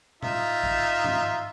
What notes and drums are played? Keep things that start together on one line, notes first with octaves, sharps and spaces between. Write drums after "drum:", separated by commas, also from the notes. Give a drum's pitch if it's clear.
D#4 F4 E5, drum: tom A2
drum: kick
drum: tom G2